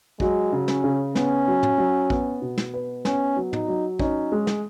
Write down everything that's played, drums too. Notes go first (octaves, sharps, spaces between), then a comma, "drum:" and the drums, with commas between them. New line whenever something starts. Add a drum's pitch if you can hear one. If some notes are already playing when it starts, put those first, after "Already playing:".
F#3 G#3, drum: kick
C#3
C#4, drum: snare
C#3
B3 C#4, drum: snare
F#3
drum: tom
F#3
B3, drum: kick
B2
drum: snare
B4
B3 C#4, drum: snare
F#3
D#4, drum: tom
F#3
C#4 D#4, drum: kick
G#3
drum: snare